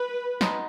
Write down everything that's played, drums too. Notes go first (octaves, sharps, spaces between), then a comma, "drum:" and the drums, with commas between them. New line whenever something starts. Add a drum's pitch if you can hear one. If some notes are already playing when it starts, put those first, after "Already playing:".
Already playing: B4
B2 G#3 B3 D#4, drum: snare